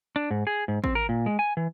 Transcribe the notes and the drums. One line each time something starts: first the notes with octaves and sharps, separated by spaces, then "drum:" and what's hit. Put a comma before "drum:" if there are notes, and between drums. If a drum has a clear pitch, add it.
D4
G#2
G#4
G#2
C4, drum: kick G#1
A#4
A#2
G#3
G#5
E3